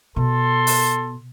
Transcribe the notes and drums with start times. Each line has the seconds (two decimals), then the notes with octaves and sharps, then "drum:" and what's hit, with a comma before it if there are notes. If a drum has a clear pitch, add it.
0.16 B2 A4 C6
0.67 drum: open hi-hat